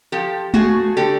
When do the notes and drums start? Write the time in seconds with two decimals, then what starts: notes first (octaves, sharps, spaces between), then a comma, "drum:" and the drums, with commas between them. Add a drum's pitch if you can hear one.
0.12 F3 G4 A4
0.54 A3 F#4 G#4, drum: tom G#3
0.97 D3 G4 A4